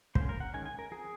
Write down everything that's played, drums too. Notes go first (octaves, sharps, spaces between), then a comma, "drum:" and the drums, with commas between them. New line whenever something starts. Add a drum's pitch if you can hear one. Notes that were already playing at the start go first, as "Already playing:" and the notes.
F#3 A#3 C#4 C5, drum: kick
A#4
F#5
D#3 G#3 C#4 G#5
G#5
A#4
F3 C4 G#4